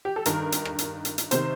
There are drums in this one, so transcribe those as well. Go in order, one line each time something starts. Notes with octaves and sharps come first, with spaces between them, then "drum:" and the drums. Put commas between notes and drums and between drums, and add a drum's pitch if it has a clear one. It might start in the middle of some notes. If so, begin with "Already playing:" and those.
G4
A4
G2 D#3 A#4, drum: hi-hat
drum: hi-hat
drum: rim click
drum: hi-hat
drum: hi-hat
drum: hi-hat
C3 D#3 C5, drum: hi-hat